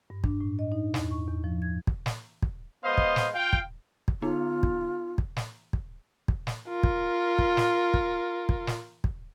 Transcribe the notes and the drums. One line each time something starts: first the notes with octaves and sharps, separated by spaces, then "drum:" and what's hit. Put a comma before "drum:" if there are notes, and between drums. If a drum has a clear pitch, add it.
G2
D4, drum: kick
A2
D#5
D#4
E2, drum: snare
C#6
E2
F3
G#6
drum: kick
drum: snare
drum: kick
G#3 B3 C5 D#5 F5 C6
drum: kick
drum: snare
F4 F5 G5
drum: kick
drum: kick
D3 B3 D#4 F4
drum: kick
drum: kick
drum: snare
drum: kick
drum: kick
drum: snare
F4 A#4
drum: kick
drum: kick
drum: snare
drum: kick
drum: kick
drum: snare
drum: kick